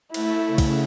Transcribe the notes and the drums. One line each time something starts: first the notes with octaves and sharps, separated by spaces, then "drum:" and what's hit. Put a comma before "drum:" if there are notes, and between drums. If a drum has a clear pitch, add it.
A3 E4, drum: cymbal
C#3
drum: kick, cymbal